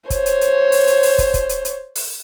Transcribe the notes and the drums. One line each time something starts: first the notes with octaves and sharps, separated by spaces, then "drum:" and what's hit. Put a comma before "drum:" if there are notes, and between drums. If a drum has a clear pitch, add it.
C5 C#5, drum: kick, hi-hat
drum: hi-hat
drum: hi-hat
drum: open hi-hat
drum: hi-hat
drum: open hi-hat
drum: kick, hi-hat
drum: kick, hi-hat
drum: hi-hat
drum: hi-hat
drum: open hi-hat